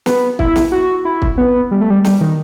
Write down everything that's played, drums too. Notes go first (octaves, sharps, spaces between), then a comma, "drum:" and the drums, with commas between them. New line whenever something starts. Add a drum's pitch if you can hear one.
B3, drum: snare
E4, drum: kick
drum: snare
F#4
E4
drum: kick
B3
G3
A3
G3
G3, drum: snare
D#3